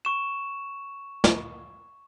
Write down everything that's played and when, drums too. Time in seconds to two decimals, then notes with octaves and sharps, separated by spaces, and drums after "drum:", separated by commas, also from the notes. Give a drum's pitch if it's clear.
0.05 C#6 E7
1.24 drum: snare